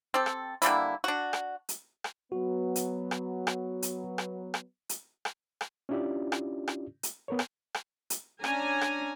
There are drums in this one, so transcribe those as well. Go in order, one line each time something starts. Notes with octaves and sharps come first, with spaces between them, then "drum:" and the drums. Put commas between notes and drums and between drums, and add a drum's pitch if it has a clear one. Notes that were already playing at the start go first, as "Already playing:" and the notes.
C4 G4 A4
drum: rim click
D3 G3 A#3 E4, drum: hi-hat
D4 F#4
drum: rim click
drum: hi-hat
drum: rim click
F#3 B3 F#4
drum: hi-hat
drum: rim click
drum: rim click
drum: hi-hat
drum: rim click
drum: rim click
drum: hi-hat
drum: rim click
drum: rim click
C#4 D4 E4 F4 G4 D5
drum: rim click
drum: rim click
drum: hi-hat
B3 A#4 C#5
drum: rim click
drum: rim click
drum: hi-hat
C#4 D4 G#5 A#5, drum: rim click
drum: rim click